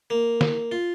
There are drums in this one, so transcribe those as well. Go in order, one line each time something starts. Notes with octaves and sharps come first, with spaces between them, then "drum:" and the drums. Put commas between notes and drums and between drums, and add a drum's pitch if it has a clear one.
A#3
drum: snare
F4